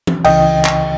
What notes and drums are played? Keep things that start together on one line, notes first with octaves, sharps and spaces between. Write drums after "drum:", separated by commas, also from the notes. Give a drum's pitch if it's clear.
drum: tom E3
C#2 C#3 E3 D#5 G5, drum: cymbal
drum: clap